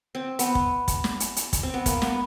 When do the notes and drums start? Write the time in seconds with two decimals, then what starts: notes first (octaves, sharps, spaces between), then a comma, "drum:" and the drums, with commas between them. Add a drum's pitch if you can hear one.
0.15 C4
0.39 B3, drum: hi-hat
0.55 drum: kick
0.88 drum: kick, hi-hat
1.04 drum: snare
1.20 drum: hi-hat
1.36 drum: hi-hat
1.53 drum: kick, hi-hat
1.63 C4
1.74 B3
1.86 A#3, drum: kick, hi-hat
2.02 B3, drum: snare